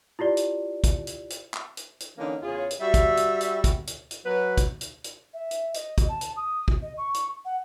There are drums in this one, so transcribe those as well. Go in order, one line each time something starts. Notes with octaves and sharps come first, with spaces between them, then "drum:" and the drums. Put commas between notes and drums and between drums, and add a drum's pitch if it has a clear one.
E4 F4 G4 D5
drum: hi-hat
drum: kick, hi-hat
drum: hi-hat
drum: hi-hat
drum: clap
drum: hi-hat
drum: hi-hat
D3 E3 A#3 C#4 D#4
E2 C#3 F4 G#4 C#5
drum: hi-hat
G3 F#4 E5
drum: kick, hi-hat
drum: hi-hat
drum: hi-hat
drum: kick, hi-hat
drum: hi-hat
drum: hi-hat
F#3 B4
drum: kick, hi-hat
drum: hi-hat
drum: hi-hat
E5
drum: hi-hat
D#5, drum: hi-hat
drum: kick, hi-hat
A5
drum: hi-hat
D#6
drum: kick
D#5
C#6
drum: hi-hat
F#5